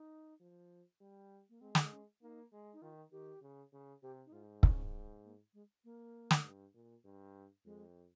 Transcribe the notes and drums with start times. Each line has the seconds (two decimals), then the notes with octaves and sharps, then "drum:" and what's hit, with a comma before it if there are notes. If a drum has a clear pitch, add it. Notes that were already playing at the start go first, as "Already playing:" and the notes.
Already playing: D#4
0.40 F3
1.00 G3
1.49 A#3
1.61 G#3 C4
1.75 drum: snare
1.91 C#4
2.22 A#3 D#4
2.52 G#3
2.73 D#4
2.82 D#3 F4
3.12 D#3 G4
3.42 C#3
3.73 C#3
4.03 C3 G4
4.26 D#4
4.32 G#2 F4
4.63 C#4, drum: kick
5.24 A#3
5.54 G#3
5.84 A#3
6.31 drum: snare
6.45 G2
6.74 A#2
7.05 G2
7.65 F2 G#3